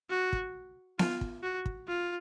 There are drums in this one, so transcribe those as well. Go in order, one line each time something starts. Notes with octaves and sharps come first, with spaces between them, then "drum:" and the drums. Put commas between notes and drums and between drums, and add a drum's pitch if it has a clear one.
F#4
drum: kick
F4, drum: snare B3
drum: kick
F#4
drum: kick
F4